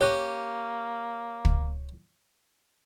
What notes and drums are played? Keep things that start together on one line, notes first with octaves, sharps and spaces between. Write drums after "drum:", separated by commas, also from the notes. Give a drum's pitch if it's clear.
A#3 C#4 G4 C#5 F#6 A#6
drum: kick